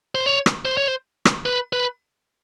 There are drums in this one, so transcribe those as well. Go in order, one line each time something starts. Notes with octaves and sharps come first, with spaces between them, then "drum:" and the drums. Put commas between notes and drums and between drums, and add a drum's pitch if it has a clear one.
C5
C#5
drum: rim click
C5
C#5
C5
drum: rim click
B4
B4